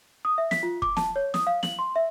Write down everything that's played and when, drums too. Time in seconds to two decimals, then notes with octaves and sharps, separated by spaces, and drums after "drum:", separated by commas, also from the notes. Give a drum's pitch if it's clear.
0.25 D#6
0.38 E5
0.51 B6, drum: snare
0.63 F4
0.82 D6, drum: kick
0.97 A5, drum: snare
1.16 C#5
1.34 D#6, drum: snare
1.47 F5
1.63 F#7, drum: snare
1.79 C6
1.96 E5